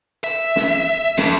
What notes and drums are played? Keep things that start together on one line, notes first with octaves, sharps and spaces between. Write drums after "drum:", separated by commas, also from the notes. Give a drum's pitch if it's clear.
E5
drum: snare
F2, drum: snare